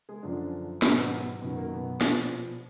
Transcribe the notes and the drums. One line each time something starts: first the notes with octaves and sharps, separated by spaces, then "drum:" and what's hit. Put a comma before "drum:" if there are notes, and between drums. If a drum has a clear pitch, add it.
G#3 G#4
F#2 D3 F3 D4
G#2 B2 D#3 F#3 B3, drum: snare
F#2 B2 D#3 F#3 B3
A#3
B2 B3
A#2 F3, drum: snare